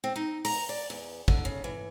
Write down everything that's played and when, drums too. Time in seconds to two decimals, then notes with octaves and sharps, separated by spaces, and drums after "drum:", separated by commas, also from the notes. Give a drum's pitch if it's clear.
0.04 C4
0.16 D#4
0.45 A#5, drum: open hi-hat
0.69 D5
0.90 E2
1.28 D3, drum: kick
1.45 C#3
1.64 E3